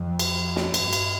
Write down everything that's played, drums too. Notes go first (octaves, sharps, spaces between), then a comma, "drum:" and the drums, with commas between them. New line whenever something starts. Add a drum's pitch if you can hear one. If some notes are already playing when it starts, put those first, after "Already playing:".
Already playing: F2
drum: cymbal
drum: snare
G2, drum: cymbal
drum: cymbal